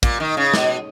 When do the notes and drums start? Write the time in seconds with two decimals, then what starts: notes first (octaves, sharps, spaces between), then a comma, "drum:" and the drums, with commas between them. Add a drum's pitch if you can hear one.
0.03 A#2, drum: kick, hi-hat
0.20 D#3
0.37 C#3
0.54 B2, drum: snare